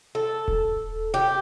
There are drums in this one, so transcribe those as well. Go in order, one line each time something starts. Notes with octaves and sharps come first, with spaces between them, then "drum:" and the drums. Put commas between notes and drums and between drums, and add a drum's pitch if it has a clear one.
A4
drum: kick D#1
G4